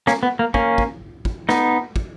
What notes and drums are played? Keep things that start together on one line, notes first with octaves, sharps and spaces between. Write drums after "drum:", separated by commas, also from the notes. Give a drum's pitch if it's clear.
A#3 C#4, drum: snare
B3
A#3
A#3 C#4, drum: kick
drum: kick
drum: kick
B3 D#4, drum: snare
drum: kick